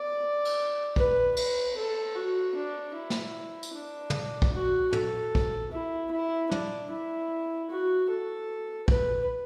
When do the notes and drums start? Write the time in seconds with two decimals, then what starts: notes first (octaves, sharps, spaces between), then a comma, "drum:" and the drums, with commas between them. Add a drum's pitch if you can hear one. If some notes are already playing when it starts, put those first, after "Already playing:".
Already playing: D5
0.45 drum: cymbal
0.96 B4, drum: kick
1.37 B4, drum: cymbal
1.77 A4
2.15 F#4
2.55 D4
2.95 E4
3.10 drum: snare
3.63 drum: tambourine
3.73 D4
4.10 drum: tom
4.42 drum: kick
4.53 F#4
4.93 A4, drum: tom
5.35 drum: kick
5.72 E4
6.11 E4
6.51 D4, drum: tom
6.90 E4
7.70 F#4
8.10 A4
8.88 B4, drum: kick